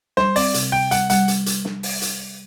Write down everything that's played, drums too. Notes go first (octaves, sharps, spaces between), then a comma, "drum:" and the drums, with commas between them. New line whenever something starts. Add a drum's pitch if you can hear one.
G3 C5, drum: snare
C4 D5, drum: open hi-hat
C3, drum: hi-hat
C3 G5
G3 F#5, drum: hi-hat
G3 F#5, drum: hi-hat
drum: hi-hat
drum: hi-hat
drum: snare
drum: open hi-hat
drum: hi-hat